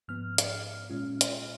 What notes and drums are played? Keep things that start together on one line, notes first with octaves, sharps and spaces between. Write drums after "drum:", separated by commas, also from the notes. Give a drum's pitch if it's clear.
G#2 F3 B3 F6
drum: hi-hat
A#2 G#3 C#4 F4
drum: hi-hat